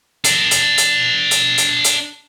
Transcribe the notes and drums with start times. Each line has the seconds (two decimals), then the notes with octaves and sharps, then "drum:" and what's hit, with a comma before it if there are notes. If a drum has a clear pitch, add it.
0.24 D4 A#4, drum: hi-hat
0.51 drum: hi-hat
0.78 drum: hi-hat
1.31 drum: hi-hat
1.58 drum: hi-hat
1.84 drum: hi-hat